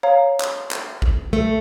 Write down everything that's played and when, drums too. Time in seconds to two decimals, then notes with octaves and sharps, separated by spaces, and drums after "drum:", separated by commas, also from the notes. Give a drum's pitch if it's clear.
0.03 C#5 F5 A#5
0.40 drum: clap
0.71 drum: clap
1.02 drum: kick G#1
1.33 A3